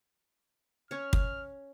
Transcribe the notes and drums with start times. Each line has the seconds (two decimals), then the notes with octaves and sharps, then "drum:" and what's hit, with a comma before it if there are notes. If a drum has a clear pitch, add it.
0.91 C#4 C#5 F6
1.13 drum: kick